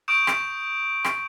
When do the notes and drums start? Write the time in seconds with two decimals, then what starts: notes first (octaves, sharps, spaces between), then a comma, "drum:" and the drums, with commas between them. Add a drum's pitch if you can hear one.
0.08 C#6 D#6 G6 D7 E7
0.27 drum: rim click
1.04 drum: rim click